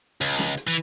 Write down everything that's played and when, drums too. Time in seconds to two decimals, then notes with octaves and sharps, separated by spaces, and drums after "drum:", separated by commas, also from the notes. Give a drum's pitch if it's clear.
0.21 C#2
0.39 drum: snare
0.57 drum: hi-hat
0.67 E3